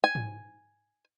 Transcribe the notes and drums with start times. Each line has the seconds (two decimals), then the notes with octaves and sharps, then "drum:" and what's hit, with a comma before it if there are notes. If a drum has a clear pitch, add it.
0.04 G#5
0.15 drum: tom G#2